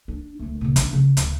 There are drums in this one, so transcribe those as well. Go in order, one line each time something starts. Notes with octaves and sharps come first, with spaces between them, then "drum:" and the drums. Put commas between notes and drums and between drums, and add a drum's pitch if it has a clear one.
D4
D2 A3
A#2 C#3
C#4 D4, drum: kick, hi-hat
C#3
D1 D2, drum: hi-hat